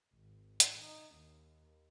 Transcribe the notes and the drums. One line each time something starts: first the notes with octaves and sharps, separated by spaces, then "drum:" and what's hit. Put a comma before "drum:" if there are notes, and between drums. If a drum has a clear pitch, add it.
G#1
drum: hi-hat
D#4
D#2